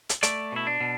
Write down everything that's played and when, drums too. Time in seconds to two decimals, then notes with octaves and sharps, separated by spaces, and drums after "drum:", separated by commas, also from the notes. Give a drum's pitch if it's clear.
0.09 drum: hi-hat
0.23 A3 D5, drum: hi-hat
0.52 B2 E4
0.67 D4
0.80 B2